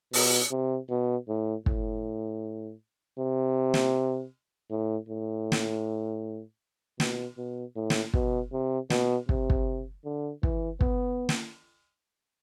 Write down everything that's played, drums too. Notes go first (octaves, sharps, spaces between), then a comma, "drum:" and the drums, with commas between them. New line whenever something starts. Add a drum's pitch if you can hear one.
B2, drum: open hi-hat
C3
B2
A2
A2, drum: kick
C3
drum: snare
A2
A2
drum: snare
B2, drum: snare
B2
A2
drum: snare
B2, drum: kick
C3
B2, drum: snare
C3, drum: kick
drum: kick
D3
E3, drum: kick
B3, drum: kick
drum: snare